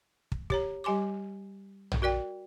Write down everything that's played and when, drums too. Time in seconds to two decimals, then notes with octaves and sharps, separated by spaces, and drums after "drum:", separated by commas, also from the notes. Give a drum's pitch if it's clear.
0.32 drum: kick
0.50 G4 C#5 A#5, drum: kick
0.84 G3 G4 G#5 C6 D6
1.92 drum: tom A#1
2.02 F#4 A#4 D5 G5